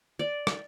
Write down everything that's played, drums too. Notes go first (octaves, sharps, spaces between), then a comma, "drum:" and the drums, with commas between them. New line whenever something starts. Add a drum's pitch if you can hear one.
D5
drum: rim click